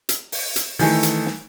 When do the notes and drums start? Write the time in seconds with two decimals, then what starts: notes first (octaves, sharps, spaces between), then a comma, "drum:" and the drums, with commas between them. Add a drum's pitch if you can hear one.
0.09 drum: hi-hat
0.32 drum: open hi-hat
0.56 drum: hi-hat
0.79 D#3 E3 A3, drum: open hi-hat
1.03 drum: hi-hat
1.26 drum: snare